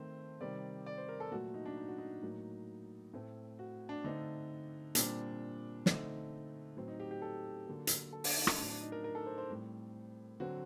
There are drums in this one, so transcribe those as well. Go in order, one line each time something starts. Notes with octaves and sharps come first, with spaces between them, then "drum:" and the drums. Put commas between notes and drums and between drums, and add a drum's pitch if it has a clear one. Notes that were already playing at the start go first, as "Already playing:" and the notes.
Already playing: D#3 A3 C4 C5
C3 D#3 G3 C4 D5
D5
C5
A#4
A4
A#2 F#3 A3 F#4
D#4
D4
D#4
F#4
D#4
A2 F#3 A#3
A2 A3 C4
F#4
D4
D3 A3 C4 D#4
A#2 G3 C4 D4, drum: hi-hat
D3 A3 C4 D#4, drum: snare
A2 F#3 C4
D#4
G4
G4
A4
D3 F#3 A#3
drum: hi-hat
A4
D4, drum: open hi-hat
D#4
D#4, drum: rim click
A2 F#3 C4 D4
D4
D#4
A#4
A#4
A4
C5
C5
A2 G3 C4
D3 F#3 C4 F#4